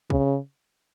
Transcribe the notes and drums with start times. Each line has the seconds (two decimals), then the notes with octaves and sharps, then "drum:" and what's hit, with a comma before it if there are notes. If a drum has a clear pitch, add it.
0.10 C#3, drum: kick